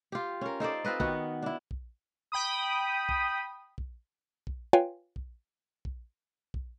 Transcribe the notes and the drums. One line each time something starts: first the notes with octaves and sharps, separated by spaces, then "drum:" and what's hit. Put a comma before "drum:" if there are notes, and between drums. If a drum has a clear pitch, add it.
F4 G4
C#4 A#4
D#4 A4 C5 D5
C4 F4 B4 D#5
D#3 B3 F#4, drum: kick
D4 E4
drum: kick
G5 B5 D#6
drum: kick
drum: kick
drum: kick
F4 B4 C#5 F5 G5 G#5
drum: kick
drum: kick
drum: kick